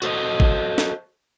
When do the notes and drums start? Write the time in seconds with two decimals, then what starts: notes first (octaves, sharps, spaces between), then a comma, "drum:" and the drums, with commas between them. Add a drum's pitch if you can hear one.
0.02 F#4 A4 C5 D#5, drum: tambourine
0.40 drum: kick G#1
0.78 drum: snare